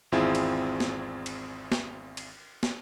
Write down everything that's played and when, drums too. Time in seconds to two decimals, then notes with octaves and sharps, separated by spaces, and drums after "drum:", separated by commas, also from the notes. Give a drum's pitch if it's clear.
0.12 G#1 E2 C4 E4 F4 G#4
0.35 drum: cymbal
0.80 drum: snare
1.26 drum: cymbal
1.72 drum: snare
2.17 drum: cymbal
2.63 drum: snare